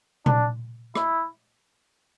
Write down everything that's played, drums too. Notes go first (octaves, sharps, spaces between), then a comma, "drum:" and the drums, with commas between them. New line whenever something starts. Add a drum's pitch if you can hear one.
D4, drum: tom A#2
E4, drum: rim click